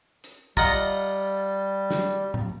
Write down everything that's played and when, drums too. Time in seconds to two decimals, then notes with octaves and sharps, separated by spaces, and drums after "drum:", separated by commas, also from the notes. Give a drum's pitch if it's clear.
0.24 drum: hi-hat
0.57 G3 F4 D#5 F#5 A#5, drum: kick
1.91 drum: snare
2.34 drum: tom A2